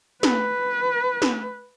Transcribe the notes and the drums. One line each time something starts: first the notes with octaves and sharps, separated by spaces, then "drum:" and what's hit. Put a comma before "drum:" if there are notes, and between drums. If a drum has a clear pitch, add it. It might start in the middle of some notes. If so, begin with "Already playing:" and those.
B4, drum: snare
drum: snare